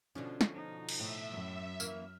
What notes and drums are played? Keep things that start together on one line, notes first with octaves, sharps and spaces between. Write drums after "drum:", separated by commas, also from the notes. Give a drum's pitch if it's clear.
B2 D3 F3 C#4 D4
drum: snare
D#4
drum: cymbal
A2 E5
F#2
E3 A#3 F6, drum: tambourine